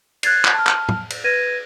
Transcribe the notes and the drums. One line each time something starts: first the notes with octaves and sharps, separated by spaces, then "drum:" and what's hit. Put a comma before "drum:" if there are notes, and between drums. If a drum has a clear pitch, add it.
F#6 G#6 A6 C7, drum: cymbal
drum: clap
A5 F6
drum: clap
drum: tom
drum: cymbal
B4 G#6 A#6 D#7